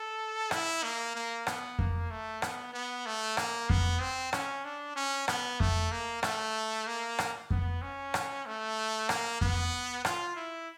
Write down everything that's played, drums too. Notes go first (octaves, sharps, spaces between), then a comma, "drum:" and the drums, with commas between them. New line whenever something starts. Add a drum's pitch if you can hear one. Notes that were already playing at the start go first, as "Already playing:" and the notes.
Already playing: A4
E4, drum: rim click
A#3
A#3
B3, drum: rim click
A#3, drum: kick F2
A3
B3, drum: rim click
B3
A3
A#3, drum: rim click
B3, drum: kick F2
C4
C#4, drum: rim click
D4
C#4
B3, drum: rim click
A3, drum: kick F2
A#3
A3, drum: rim click
A#3
drum: rim click
B3, drum: kick F2
C#4
drum: rim click
A3
A#3, drum: rim click
B3, drum: kick F2
F4, drum: rim click
E4